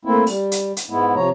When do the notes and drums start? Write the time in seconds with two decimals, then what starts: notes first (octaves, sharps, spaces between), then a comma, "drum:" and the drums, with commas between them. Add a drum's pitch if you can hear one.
0.05 A3 A#3 C4 E4
0.27 G3, drum: open hi-hat
0.52 drum: hi-hat
0.77 drum: hi-hat
0.90 G#2 G#3 B3 E4
1.15 C3 F3 C#5 A#5